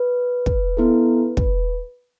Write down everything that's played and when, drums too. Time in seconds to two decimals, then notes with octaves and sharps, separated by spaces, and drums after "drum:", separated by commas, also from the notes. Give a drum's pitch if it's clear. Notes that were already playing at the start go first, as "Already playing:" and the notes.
Already playing: B4
0.46 drum: kick
0.77 B3 E4 A4
1.37 B4, drum: kick